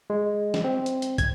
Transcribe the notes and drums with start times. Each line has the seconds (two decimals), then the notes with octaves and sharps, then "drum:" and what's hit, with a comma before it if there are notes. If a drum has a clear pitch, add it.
0.10 G#3
0.54 drum: snare
0.64 C4
0.86 drum: hi-hat
1.02 drum: hi-hat
1.18 G#6, drum: kick, hi-hat